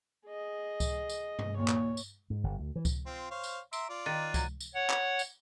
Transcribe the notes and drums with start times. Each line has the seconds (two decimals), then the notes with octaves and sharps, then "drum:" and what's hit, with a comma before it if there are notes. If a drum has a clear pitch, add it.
0.27 G#4 D#5
0.80 drum: kick C#2, tambourine
1.09 drum: tambourine
1.39 drum: tom G2
1.57 D#2 A#2 C#5
1.68 drum: clap
1.97 drum: tambourine
2.30 G#2
2.44 G1
2.59 D2
2.76 E3
2.85 drum: kick C#2, tambourine
3.06 C4 F4
3.31 C5 C#5 F5
3.44 drum: tambourine
3.73 E5 A#5 C6 D7, drum: tambourine
3.90 F4 D5
4.06 D#3 F#6 A6 D#7
4.34 F#3, drum: kick C#2, tambourine
4.61 drum: tambourine
4.74 C#5 F#5
4.90 drum: clap
5.19 drum: tambourine